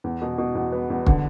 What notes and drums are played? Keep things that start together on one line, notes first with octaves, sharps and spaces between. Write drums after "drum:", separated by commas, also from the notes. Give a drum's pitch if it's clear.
E2
B2
B2
E2
B3
E2
D3, drum: kick